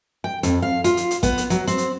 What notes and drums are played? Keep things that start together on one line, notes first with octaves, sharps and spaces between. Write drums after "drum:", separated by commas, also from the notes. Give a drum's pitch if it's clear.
G5
F2, drum: hi-hat
F5
F4, drum: hi-hat
drum: hi-hat
drum: hi-hat
B3, drum: kick, hi-hat
drum: hi-hat
F#3, drum: hi-hat
C4, drum: hi-hat
drum: hi-hat